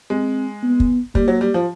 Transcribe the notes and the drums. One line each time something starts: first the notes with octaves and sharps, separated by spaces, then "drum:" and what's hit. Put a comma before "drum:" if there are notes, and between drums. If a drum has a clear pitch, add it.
G#3 C4
B3
drum: kick
G3 A#3, drum: kick
F#3
G3
F3